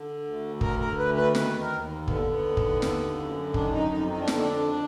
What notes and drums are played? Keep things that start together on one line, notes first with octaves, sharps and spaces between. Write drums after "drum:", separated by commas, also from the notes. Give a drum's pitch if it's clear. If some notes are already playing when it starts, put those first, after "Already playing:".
Already playing: D3
D2
D3 A#4, drum: kick
A#4
D2 B4
B4
D#3 B4, drum: snare
A#4
D#2
D3 B3, drum: kick
B3
D#2
drum: kick
D3, drum: snare
F#2
D#3 D4, drum: kick
D#4
F2 D#4
D#4
D4
D3 B3, drum: snare
D4